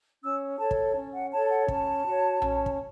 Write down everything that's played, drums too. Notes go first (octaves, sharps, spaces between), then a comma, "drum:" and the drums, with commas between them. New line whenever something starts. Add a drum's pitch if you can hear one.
C#4 E6
A4 C#5 A5
drum: kick
C#4
F#5
A4 C#5 A5
F#5
C#4 A5, drum: kick
F#4 C#5
C#4, drum: tom A#1
drum: kick